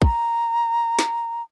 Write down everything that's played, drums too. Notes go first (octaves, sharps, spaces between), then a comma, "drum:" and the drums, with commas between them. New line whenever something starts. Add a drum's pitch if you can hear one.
A#5, drum: kick
drum: snare